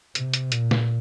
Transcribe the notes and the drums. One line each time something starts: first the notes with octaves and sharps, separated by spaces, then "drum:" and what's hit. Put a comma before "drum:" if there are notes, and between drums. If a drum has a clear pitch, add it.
C3, drum: hi-hat
drum: hi-hat
A#2, drum: hi-hat
drum: snare